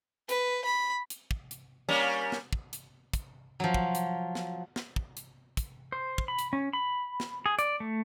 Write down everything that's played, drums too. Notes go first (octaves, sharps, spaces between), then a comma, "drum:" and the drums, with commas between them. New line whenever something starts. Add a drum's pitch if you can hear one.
B4, drum: hi-hat
B5
drum: hi-hat
drum: kick
drum: hi-hat
G3 A#3 C#4
drum: snare
drum: kick
drum: hi-hat
drum: kick, hi-hat
F3 F#3
drum: kick
drum: hi-hat
drum: snare
drum: snare
drum: kick
drum: hi-hat
drum: kick, hi-hat
C5
drum: kick
B5
drum: hi-hat
C#4
B5
drum: snare
G#4
D5, drum: hi-hat
A3